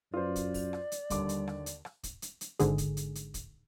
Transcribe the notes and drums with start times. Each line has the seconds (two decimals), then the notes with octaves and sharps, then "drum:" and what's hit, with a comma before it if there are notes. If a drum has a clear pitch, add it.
0.14 F#2 F4 B4 C5 D5
0.36 drum: kick, hi-hat
0.54 drum: kick, open hi-hat
0.73 drum: rim click
0.92 drum: hi-hat
1.10 D#2 D3 G3 D6, drum: kick, hi-hat
1.29 drum: hi-hat
1.48 drum: rim click
1.66 drum: hi-hat
1.85 drum: rim click
2.03 drum: kick, hi-hat
2.22 drum: hi-hat
2.41 drum: hi-hat
2.59 G#1 G#2 D3 G#4, drum: hi-hat
2.78 drum: kick, hi-hat
2.97 drum: hi-hat
3.15 drum: hi-hat
3.34 drum: kick, hi-hat